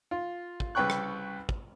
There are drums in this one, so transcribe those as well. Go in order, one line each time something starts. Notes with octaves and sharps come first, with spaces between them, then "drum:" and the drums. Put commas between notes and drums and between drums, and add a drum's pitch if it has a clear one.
F4
drum: kick
C2 C#3 B4 G5 C#6 F#6
drum: rim click
drum: kick